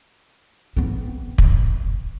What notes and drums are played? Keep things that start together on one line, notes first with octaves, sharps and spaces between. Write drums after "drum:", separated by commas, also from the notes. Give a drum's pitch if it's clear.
B3 C4
drum: kick